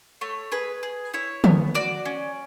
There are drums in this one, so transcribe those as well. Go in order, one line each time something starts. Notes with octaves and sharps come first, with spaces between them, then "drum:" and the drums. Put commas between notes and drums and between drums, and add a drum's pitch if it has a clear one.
A3 C#5
G#4 B4
G#4
E4 C#5
B3, drum: tom
F#4 D5
C#4